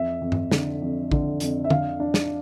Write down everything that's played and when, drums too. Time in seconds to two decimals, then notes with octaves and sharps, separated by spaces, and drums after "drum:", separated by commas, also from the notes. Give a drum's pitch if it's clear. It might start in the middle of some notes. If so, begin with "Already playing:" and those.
Already playing: F2 E5
0.22 F2
0.32 drum: tom G2
0.51 D3, drum: snare
0.82 F2
1.11 D3, drum: kick A#1
1.40 F2, drum: hi-hat
1.64 E5
1.70 D4 F5, drum: tom
2.00 D4
2.14 drum: snare